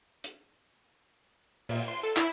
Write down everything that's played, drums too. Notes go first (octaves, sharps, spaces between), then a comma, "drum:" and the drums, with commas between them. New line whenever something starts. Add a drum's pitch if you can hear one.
drum: hi-hat
A#2, drum: cymbal
C6
A4
E4, drum: clap